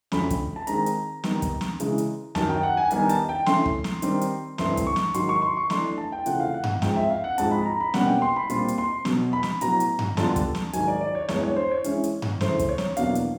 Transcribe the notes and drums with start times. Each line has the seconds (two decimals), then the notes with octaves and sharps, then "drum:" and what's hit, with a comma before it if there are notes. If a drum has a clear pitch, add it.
0.12 F2 D3 F#3 A3 C#4 B5, drum: snare
0.30 drum: kick, hi-hat
0.56 A5
0.67 D#3 G#3 C4 A#5, drum: hi-hat
0.86 drum: hi-hat
1.24 D#3 G3 B3 D#4, drum: snare
1.42 drum: kick, hi-hat
1.61 drum: snare
1.80 C#3 E3 G#3, drum: hi-hat
1.98 drum: hi-hat
2.35 F#2 D#3 F#3 A5, drum: snare
2.49 G5
2.63 F#5
2.77 G#5
2.91 D#3 G3 B3 D#4 G#5, drum: hi-hat
3.09 A5, drum: hi-hat
3.29 G5
3.46 E3 A3 C#4 C6, drum: snare
3.66 drum: kick
3.84 drum: snare
4.02 D#3 G3 C4, drum: hi-hat
4.21 drum: hi-hat
4.58 G2 E3 A3 C4 E4 C6, drum: snare
4.77 drum: kick, hi-hat
4.87 C#6
4.96 drum: snare
5.14 G#2 D#3 F#3 C6, drum: hi-hat
5.29 C#6
5.42 C6
5.57 C#6
5.70 E3 A3 D4 C6, drum: snare
5.98 A5
6.12 G5
6.26 C#3 E3 A3 C4 F4 F#5, drum: hi-hat
6.40 F5
6.54 F#5
6.64 drum: tom G2
6.82 G#2 F3 G#3 C4 G5, drum: snare
6.96 E5
7.10 F5
7.24 F#5
7.38 G#2 F3 G#3 C4 A5, drum: hi-hat
7.51 B5
7.66 A#5
7.81 B5
7.94 B2 G3 A#3 C#4 F#5, drum: snare
8.07 G5
8.22 C6
8.36 B5
8.50 A#2 G3 C4 F4 C6, drum: hi-hat
8.68 drum: hi-hat
8.78 C6
9.05 B2 F#3 B3, drum: snare
9.33 B5
9.43 drum: snare
9.61 A2 F#3 B3 A#5, drum: hi-hat
9.80 drum: hi-hat
9.99 drum: tom G2
10.17 D3 G3 B3 D4 F4 A5, drum: snare
10.36 drum: kick, hi-hat
10.55 drum: snare
10.73 G#2 D#3 F#3 G#5, drum: hi-hat
10.88 D5
11.01 D5
11.15 C#5
11.28 G2 E3 G#3 B3 D4 C#5, drum: snare
11.43 C#5
11.56 C5
11.71 C#5
11.84 E3 G#3 C#4 E4, drum: hi-hat
12.04 drum: hi-hat
12.22 drum: tom G2
12.41 C#3 E3 A3 C5, drum: snare
12.59 drum: kick, hi-hat
12.69 C#5
12.78 drum: snare
12.97 E2 B2 F#3 A#3 D4 F5, drum: hi-hat
13.15 drum: hi-hat